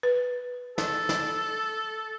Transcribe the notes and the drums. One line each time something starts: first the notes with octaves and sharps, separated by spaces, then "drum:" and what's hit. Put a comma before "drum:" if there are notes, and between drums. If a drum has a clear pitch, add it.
B4
A4, drum: snare
drum: snare